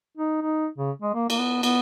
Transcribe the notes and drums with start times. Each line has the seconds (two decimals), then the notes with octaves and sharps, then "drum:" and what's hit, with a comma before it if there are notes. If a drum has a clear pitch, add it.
0.17 D#4
0.42 D#4
0.78 C#3
1.02 G#3
1.15 A#3
1.30 A#3, drum: cymbal
1.39 B3
1.63 B3, drum: cymbal